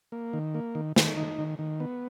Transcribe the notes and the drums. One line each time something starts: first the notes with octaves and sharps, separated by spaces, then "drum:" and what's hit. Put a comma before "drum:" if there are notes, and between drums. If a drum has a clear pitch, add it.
A#3
D#3
A#3
D#3
D#3, drum: snare
D#4
D#3
D#3
B3